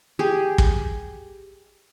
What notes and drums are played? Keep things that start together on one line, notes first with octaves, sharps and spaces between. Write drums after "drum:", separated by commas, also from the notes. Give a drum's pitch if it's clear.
G4 G#4
drum: kick